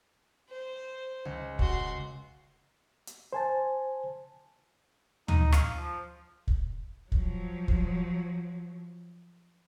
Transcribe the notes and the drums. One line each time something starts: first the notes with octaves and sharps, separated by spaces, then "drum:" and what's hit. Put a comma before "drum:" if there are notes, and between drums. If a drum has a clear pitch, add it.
C5
C#2
F#4 C6, drum: kick
drum: hi-hat
C5 G#5 A5
D#4, drum: tom D2
F5, drum: rim click
F3
drum: kick
F3 F#3, drum: kick
drum: kick